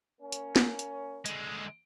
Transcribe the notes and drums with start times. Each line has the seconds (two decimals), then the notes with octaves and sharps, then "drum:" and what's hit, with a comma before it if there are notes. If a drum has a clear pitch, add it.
0.21 A#3 C#4
0.32 drum: hi-hat
0.56 drum: snare
0.79 drum: hi-hat
1.26 D3 G#3, drum: hi-hat